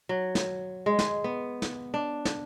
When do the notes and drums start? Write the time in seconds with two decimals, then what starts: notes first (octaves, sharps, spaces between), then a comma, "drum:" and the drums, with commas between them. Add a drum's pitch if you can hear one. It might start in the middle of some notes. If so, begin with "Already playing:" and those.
0.09 F#3
0.35 drum: snare
0.86 G#3
0.99 drum: snare
1.24 B3
1.62 drum: snare
1.94 D4
2.25 drum: snare